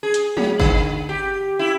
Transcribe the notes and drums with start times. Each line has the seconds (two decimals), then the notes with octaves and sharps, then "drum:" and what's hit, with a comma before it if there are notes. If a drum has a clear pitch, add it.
0.03 G#4
0.14 drum: hi-hat
0.37 F#3, drum: tom G#3
0.60 D3, drum: kick G1
1.09 G4
1.59 E4